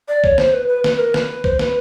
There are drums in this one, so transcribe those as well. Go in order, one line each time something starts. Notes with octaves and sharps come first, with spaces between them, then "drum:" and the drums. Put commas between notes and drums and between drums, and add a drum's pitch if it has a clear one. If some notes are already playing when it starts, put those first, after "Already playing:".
D5
C#5, drum: kick B1
C5, drum: snare
B4
B4
B4, drum: snare
A#4
B4, drum: snare
C5, drum: kick B1
B4, drum: snare